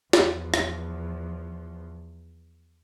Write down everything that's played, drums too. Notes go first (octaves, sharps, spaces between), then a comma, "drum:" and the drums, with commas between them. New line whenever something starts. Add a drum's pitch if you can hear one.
E2 F3, drum: snare
drum: rim click